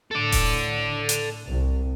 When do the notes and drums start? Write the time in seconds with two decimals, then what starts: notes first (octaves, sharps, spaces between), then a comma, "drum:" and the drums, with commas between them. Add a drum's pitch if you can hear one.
0.11 A2 A4 D5
0.32 drum: kick D#1, open hi-hat
1.09 drum: hi-hat
1.47 C2